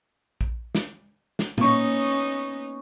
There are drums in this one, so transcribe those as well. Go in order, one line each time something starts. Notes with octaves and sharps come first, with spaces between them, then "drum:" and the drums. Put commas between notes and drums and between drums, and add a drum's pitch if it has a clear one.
drum: kick A#1
drum: snare
drum: snare
A#3 B3 C#4 D#4 C#6, drum: tom A#2